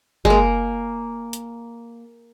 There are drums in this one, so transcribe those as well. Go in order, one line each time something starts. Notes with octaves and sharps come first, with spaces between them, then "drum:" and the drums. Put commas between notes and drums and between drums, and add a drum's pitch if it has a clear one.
G#3, drum: kick F#1
A#3
drum: hi-hat